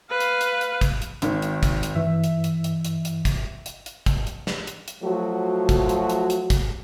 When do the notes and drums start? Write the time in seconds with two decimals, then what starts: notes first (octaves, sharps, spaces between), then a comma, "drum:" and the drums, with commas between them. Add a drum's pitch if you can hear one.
0.10 B4 F5
0.20 drum: hi-hat
0.41 drum: hi-hat
0.61 drum: hi-hat
0.81 drum: kick, hi-hat
1.02 drum: hi-hat
1.22 G#1 D#3, drum: hi-hat
1.42 drum: hi-hat
1.63 drum: kick, hi-hat
1.83 drum: hi-hat
1.95 G2 E3 E5
2.24 drum: hi-hat
2.44 drum: hi-hat
2.64 drum: hi-hat
2.85 drum: hi-hat
3.05 drum: hi-hat
3.25 drum: kick, hi-hat
3.66 drum: hi-hat
3.86 drum: hi-hat
4.06 drum: kick, hi-hat
4.27 drum: hi-hat
4.47 drum: snare
4.67 drum: hi-hat
4.88 drum: hi-hat
5.04 F3 F#3 A3 F#4
5.69 drum: kick, hi-hat
5.89 drum: hi-hat
6.10 drum: hi-hat
6.30 drum: hi-hat
6.50 drum: kick, hi-hat